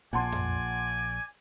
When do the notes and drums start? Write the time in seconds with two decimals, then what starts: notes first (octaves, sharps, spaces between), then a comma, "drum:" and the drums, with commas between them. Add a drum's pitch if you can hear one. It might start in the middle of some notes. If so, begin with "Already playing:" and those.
0.13 A#1 A#2 D5 F#5 G#5 A5 C6
0.32 drum: tom F2